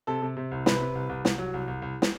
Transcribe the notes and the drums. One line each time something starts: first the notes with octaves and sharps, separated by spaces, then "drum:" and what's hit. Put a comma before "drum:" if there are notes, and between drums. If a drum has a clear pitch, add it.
C3 A4
C3
C3
C2
C3 B4, drum: snare
C3
C2
C2
C2, drum: snare
F#3
C2
C2
C2
drum: snare